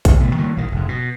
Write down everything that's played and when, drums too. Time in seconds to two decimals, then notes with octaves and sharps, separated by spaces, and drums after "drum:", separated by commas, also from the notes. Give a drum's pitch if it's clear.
0.05 D1 G1, drum: kick A1, hi-hat
0.20 B2 A3
0.36 D#3 E3 G3 A#3
0.57 A#1 D#3
0.72 F1 G#2
0.88 B2